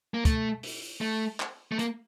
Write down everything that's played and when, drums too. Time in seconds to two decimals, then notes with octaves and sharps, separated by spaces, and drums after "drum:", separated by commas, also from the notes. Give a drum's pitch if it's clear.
0.14 A#3
0.25 A3, drum: kick, hi-hat
0.63 drum: open hi-hat
1.01 A3
1.40 drum: clap
1.72 A3
1.79 A#3, drum: hi-hat